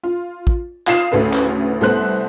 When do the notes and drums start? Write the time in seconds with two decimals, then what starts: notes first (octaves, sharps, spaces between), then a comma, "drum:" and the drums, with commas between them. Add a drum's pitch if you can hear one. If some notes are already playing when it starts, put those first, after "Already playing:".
0.03 F4
0.47 drum: kick
0.87 F4 F5 D#6 C7 E7, drum: clap
1.12 A1 D2 C#3 A3 B4
1.33 drum: clap
1.81 C2 A3 B3 C5 F#6